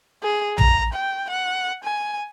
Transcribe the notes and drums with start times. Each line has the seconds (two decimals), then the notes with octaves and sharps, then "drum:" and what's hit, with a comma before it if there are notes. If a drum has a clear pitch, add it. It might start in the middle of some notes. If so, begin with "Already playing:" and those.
0.23 G#4
0.58 A#5, drum: tom
0.93 G5
1.30 F#5
1.84 G#5